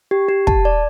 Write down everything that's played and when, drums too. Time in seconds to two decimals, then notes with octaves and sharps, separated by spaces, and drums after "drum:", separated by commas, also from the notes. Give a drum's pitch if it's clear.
0.11 G4
0.29 G4
0.47 A5, drum: kick
0.65 D5